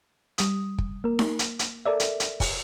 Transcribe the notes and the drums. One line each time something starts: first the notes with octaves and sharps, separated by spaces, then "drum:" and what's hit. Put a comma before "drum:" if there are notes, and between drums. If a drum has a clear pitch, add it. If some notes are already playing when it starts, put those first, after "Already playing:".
G3 D#6, drum: hi-hat
drum: kick
A#3 A#4
drum: snare D#4
drum: hi-hat
drum: hi-hat
A4 A#4 D5 E5
drum: hi-hat
drum: hi-hat
drum: kick, open hi-hat